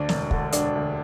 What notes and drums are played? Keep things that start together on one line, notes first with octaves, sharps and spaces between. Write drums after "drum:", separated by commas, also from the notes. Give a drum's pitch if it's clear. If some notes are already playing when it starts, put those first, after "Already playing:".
Already playing: D2 D4
E1, drum: snare
D3, drum: kick
E1 D4, drum: hi-hat
D2